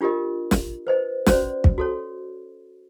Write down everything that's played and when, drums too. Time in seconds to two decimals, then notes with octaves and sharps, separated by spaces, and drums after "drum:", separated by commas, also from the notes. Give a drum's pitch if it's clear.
0.01 D4 F4 G4 A#4 D#5
0.51 drum: snare
0.87 B4 C5 D#5
1.26 C#4 F#4 C5 D5, drum: snare
1.64 drum: kick
1.78 F#4 A4 C#5